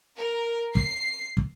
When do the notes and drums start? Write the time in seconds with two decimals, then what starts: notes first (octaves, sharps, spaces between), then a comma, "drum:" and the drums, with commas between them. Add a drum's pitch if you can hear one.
0.17 A#4
0.75 C7, drum: kick
1.37 drum: kick